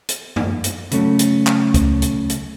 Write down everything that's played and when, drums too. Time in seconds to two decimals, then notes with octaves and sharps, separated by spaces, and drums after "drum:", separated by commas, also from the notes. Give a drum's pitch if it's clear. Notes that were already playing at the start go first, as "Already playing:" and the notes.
0.09 drum: hi-hat
0.36 drum: tom F#2
0.64 drum: hi-hat
0.91 C#3 F#3 A3 C#4, drum: hi-hat
1.19 drum: hi-hat
1.47 drum: clap
1.74 drum: kick C#2, hi-hat
2.02 drum: hi-hat
2.29 drum: hi-hat